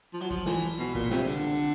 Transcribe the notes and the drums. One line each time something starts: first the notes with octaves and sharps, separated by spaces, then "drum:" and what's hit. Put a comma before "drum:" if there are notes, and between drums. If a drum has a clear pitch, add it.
F3
F#3
F3, drum: kick
E3, drum: snare
B2
A#2, drum: kick
C3, drum: snare
D3